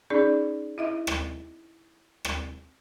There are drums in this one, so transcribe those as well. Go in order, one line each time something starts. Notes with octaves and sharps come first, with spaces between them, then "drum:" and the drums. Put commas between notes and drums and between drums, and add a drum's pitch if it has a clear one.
C#4 D#4 G#4 D5
E4 D#5 E5
drum: rim click
drum: rim click